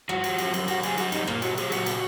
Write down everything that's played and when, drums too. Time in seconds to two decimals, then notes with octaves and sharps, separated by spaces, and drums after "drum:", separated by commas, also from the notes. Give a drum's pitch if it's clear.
0.09 F3 F#4, drum: rim click
0.24 F3, drum: cymbal
0.38 F#2, drum: cymbal
0.54 F#2, drum: cymbal
0.68 F#2 F#4, drum: cymbal
0.83 F#2 G#4, drum: cymbal
0.98 F#2 F#4, drum: cymbal
1.12 F#2 D#4, drum: cymbal
1.27 A#2 A#3, drum: rim click
1.42 F#3 F#4, drum: cymbal
1.58 F#3 G#4, drum: cymbal
1.72 A#2 F#4, drum: cymbal
1.86 A#2, drum: cymbal